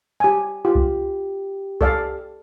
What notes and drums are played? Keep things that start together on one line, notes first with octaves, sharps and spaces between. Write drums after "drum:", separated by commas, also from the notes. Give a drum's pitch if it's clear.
G4 G#5
F4 G4
drum: kick C2
A4 D5 F5, drum: kick C2